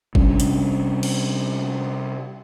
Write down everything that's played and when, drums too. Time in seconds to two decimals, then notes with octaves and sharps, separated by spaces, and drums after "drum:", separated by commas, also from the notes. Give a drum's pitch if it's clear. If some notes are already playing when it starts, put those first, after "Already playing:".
0.15 C3 G3 C#4 D4, drum: kick G1
0.40 drum: hi-hat
1.03 drum: cymbal